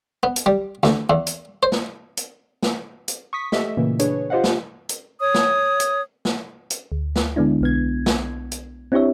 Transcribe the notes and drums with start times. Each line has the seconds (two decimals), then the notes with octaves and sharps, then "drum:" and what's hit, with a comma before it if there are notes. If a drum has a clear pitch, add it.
0.23 B3
0.36 drum: hi-hat
0.46 G3
0.83 D2, drum: snare
1.10 E2
1.27 drum: hi-hat
1.63 C5
1.72 drum: snare
2.17 drum: hi-hat
2.63 drum: snare
3.08 drum: hi-hat
3.33 C#6 D#6 B6
3.52 A3 G4 A4 D#5 E5, drum: snare
3.77 A#2 C#3 E3 A#3
3.99 D4 G#4 B4 C#5, drum: hi-hat
4.30 F4 G4 C5 D#5 F5 F#5
4.44 drum: snare
4.89 drum: hi-hat
5.19 C#5 D#6
5.34 drum: snare
5.80 drum: hi-hat
6.25 drum: snare
6.70 drum: hi-hat
6.92 D2
7.16 drum: snare
7.36 D3 G#3 B3 D4 E4
7.61 B1 B3 G#6
8.06 drum: snare
8.52 drum: hi-hat
8.92 C4 D4 E4 G4 C#5 E5